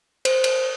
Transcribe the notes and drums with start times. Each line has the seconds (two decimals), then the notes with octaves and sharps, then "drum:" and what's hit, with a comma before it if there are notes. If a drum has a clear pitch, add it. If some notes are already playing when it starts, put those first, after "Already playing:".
0.25 C5, drum: cymbal
0.44 drum: cymbal